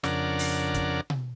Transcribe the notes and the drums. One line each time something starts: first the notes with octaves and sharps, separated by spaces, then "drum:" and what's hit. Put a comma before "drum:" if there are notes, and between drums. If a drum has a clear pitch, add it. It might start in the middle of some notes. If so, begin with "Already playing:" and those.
F2 C#3 D4 A#4 D5 F#5, drum: snare
drum: open hi-hat
drum: kick, hi-hat
drum: tom B2